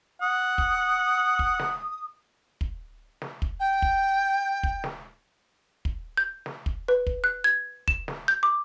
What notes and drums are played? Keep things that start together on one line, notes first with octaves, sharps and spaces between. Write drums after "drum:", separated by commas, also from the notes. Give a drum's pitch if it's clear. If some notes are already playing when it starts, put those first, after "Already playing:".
F#5 D#6
drum: kick
drum: kick
drum: snare
drum: kick
drum: snare
drum: kick
G5
drum: kick
drum: kick
drum: snare
drum: kick
G6
drum: snare
drum: kick
B4
drum: kick
F#6
G#6
E7, drum: kick
drum: snare
G6
D6